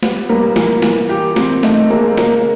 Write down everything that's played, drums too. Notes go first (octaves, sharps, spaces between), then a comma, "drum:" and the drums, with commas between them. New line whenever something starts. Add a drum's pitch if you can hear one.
G3 B3, drum: snare
G3 A#3
E3, drum: snare
E3, drum: snare
G4
C4, drum: snare
A3 D#4, drum: snare
G#3 A#3
C#3 A#3, drum: snare